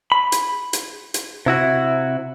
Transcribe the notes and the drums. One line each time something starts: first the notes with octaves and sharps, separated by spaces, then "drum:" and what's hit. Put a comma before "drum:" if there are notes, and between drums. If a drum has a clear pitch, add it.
B5
drum: hi-hat
drum: hi-hat
drum: hi-hat
C3 E4 F#4